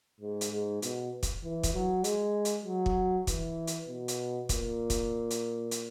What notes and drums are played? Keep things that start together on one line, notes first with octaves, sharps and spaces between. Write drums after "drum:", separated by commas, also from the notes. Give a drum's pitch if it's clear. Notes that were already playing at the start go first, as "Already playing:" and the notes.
G#2
drum: hi-hat
G#2
B2, drum: hi-hat
drum: kick, hi-hat
E3
drum: kick, hi-hat
F#3
G#3, drum: hi-hat
drum: hi-hat
F#3
drum: kick
E3, drum: kick, hi-hat
drum: hi-hat
B2
drum: hi-hat
A#2, drum: kick, hi-hat
drum: kick, hi-hat
drum: hi-hat
drum: hi-hat